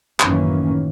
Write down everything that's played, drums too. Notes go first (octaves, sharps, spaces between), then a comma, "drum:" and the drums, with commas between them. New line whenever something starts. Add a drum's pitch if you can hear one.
A1 F#2 D#3 E3 A#3 C#4, drum: clap